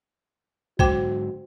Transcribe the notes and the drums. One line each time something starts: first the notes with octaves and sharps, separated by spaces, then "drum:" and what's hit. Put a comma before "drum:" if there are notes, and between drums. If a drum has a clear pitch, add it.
G#2 D3 F#3 F#4 C5 G5 D6, drum: kick A#1